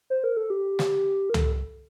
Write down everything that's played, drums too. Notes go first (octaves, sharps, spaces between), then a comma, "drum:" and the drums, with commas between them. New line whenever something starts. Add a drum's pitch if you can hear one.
C5
A#4
A4
G4
drum: snare
A#4
A4, drum: tom